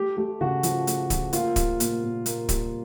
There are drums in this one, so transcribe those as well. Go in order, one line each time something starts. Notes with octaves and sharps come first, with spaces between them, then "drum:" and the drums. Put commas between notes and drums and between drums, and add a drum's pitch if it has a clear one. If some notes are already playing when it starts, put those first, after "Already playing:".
Already playing: A3 G4
A3 G4
C#3 F#4
F3, drum: hi-hat
A3, drum: hi-hat
F3, drum: kick, hi-hat
A#3 F4, drum: hi-hat
G3, drum: kick, hi-hat
A#2, drum: hi-hat
A#2
A#3, drum: hi-hat
G3, drum: kick, hi-hat